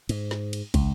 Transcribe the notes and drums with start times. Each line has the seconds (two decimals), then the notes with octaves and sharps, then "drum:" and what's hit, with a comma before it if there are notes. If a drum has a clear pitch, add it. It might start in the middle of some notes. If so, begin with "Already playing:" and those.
0.09 G#2, drum: cymbal
0.31 drum: snare
0.53 drum: cymbal
0.74 C#2, drum: kick, cymbal